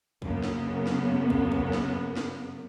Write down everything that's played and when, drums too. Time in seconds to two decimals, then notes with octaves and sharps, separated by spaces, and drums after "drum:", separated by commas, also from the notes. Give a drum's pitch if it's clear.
0.22 F#2 C#3 A#3 B3, drum: kick
0.44 drum: snare
0.87 drum: snare
1.30 drum: kick
1.52 drum: kick
1.73 drum: snare
2.17 drum: snare